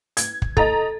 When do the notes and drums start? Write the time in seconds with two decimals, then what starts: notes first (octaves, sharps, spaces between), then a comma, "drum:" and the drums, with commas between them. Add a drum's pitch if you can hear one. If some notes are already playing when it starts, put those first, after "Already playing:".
0.17 G#6, drum: hi-hat
0.42 drum: kick
0.57 A4 D#5 A#5 A6, drum: kick